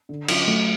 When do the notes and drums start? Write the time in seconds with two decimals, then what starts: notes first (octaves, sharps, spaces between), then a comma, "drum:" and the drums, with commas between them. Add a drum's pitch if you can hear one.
0.09 D3
0.28 F#3 C#4 F4, drum: cymbal
0.47 F#3 A3